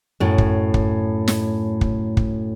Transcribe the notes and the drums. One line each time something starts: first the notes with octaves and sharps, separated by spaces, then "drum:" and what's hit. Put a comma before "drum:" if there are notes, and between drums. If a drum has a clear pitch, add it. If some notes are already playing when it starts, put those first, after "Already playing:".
F#2 A2
drum: kick
drum: kick
drum: snare
drum: kick
drum: kick